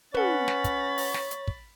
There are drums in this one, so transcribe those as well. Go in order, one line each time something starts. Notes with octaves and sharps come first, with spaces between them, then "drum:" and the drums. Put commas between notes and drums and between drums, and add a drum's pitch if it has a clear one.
C#4 B4 C#5 F#5 B5 A6, drum: tom
drum: snare
drum: kick, hi-hat
drum: open hi-hat
drum: snare
drum: hi-hat
drum: kick